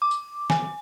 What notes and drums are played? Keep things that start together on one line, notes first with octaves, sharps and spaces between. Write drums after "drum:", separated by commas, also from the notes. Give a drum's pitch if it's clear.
D6
drum: tambourine
G#5, drum: snare